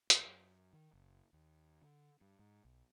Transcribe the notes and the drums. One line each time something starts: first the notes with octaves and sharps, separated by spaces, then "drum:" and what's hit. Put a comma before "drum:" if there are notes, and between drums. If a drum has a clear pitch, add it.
B1, drum: hi-hat
F#2
D#3
F#1
D#2
D3
G2
G#2
B1